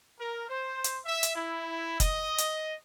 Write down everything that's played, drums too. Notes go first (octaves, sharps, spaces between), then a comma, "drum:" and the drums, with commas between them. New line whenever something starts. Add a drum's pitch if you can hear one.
A#4
C5
drum: hi-hat
E5
drum: hi-hat
E4
D#5, drum: kick, hi-hat
drum: hi-hat